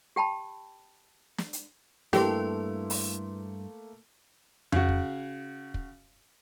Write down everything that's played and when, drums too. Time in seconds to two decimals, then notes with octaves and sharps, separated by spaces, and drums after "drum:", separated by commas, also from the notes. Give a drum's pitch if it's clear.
0.16 G4 G5 A5 B5
1.38 drum: snare
1.53 drum: hi-hat
2.13 G2 E3 A3 A#3 E4 G4 B4 C6, drum: snare
2.90 drum: open hi-hat
4.72 C#3 F#4, drum: tom F2
4.89 drum: kick
5.74 drum: kick